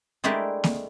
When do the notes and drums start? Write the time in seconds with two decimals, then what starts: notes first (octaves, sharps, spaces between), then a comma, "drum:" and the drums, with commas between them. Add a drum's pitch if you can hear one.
0.24 G#3 A3 D4 E4 G4 A#4
0.64 drum: snare A#3